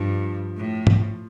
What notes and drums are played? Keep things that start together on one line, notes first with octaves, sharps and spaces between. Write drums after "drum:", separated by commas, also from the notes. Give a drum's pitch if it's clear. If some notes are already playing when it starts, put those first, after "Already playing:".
Already playing: G2 F3
A2
drum: tom G#2